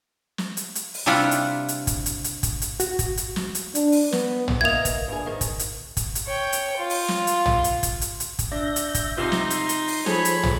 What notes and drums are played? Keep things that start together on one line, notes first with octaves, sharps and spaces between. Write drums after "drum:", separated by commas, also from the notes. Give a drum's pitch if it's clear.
drum: snare
drum: hi-hat
drum: hi-hat
drum: open hi-hat
C3 G3 D4 E4 F4 F#5
drum: hi-hat
drum: hi-hat
drum: kick, hi-hat
drum: hi-hat
drum: hi-hat
drum: kick, hi-hat
drum: hi-hat
F#4, drum: hi-hat
drum: kick, hi-hat
drum: hi-hat
drum: snare
drum: hi-hat
D4, drum: hi-hat
drum: open hi-hat
B3, drum: snare
drum: tom
E3 A#3 D#5 G#6 F7
drum: kick, hi-hat
G2 G#4
G#2 D#3
drum: kick, hi-hat
drum: hi-hat
drum: kick, hi-hat
drum: hi-hat
C#5 G5
drum: hi-hat
F4
drum: open hi-hat
drum: snare
drum: hi-hat
drum: tom
drum: hi-hat
drum: kick, hi-hat
drum: hi-hat
drum: hi-hat
drum: kick, hi-hat
D4 E5 G6 A#6
drum: hi-hat
drum: kick, hi-hat
C3 D#4 F4 C6
drum: snare
drum: hi-hat
drum: hi-hat
drum: open hi-hat
F3 G#4 A4 C5 C#5 B5, drum: snare
drum: hi-hat
drum: tom